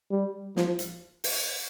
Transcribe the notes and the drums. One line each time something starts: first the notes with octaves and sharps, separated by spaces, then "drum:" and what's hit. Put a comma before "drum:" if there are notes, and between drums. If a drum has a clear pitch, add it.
G3
F3, drum: snare
drum: hi-hat
drum: open hi-hat